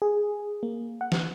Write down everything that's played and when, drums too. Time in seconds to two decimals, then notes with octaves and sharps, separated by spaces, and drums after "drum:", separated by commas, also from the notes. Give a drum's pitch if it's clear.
0.02 G#4
0.63 A#3
1.01 F#5
1.12 drum: snare